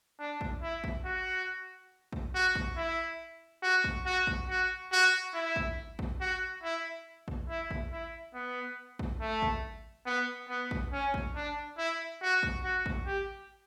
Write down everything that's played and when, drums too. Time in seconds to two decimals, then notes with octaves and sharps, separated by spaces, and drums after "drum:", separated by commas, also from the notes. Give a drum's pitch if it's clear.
0.19 D4
0.41 drum: kick
0.62 E4
0.84 drum: kick
1.05 F#4
2.13 drum: kick
2.34 F#4
2.55 drum: kick
2.77 E4
3.62 F#4
3.84 drum: kick
4.06 F#4
4.27 drum: kick
4.49 F#4
4.92 F#4
5.34 E4
5.56 drum: kick
5.99 drum: kick
6.21 F#4
6.63 E4
7.28 drum: kick
7.49 E4
7.71 drum: kick
7.92 E4
8.34 B3
8.99 drum: kick
9.20 A3
9.42 drum: kick
10.06 B3
10.49 B3
10.71 drum: kick
10.93 C#4
11.14 drum: kick
11.36 D4
11.78 E4
12.22 F#4
12.43 drum: kick
12.64 F#4
12.86 drum: kick
13.07 G4